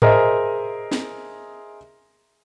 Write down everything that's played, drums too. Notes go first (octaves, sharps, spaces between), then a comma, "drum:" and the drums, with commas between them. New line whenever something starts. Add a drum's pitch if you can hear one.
G#4 A#4 C5 D#5 E5, drum: tom G#2
drum: snare